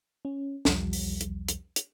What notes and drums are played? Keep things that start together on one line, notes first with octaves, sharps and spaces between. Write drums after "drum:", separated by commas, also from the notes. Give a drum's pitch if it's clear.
C#4
B1 E2 F3 G3, drum: snare
drum: open hi-hat
drum: hi-hat
drum: hi-hat
drum: hi-hat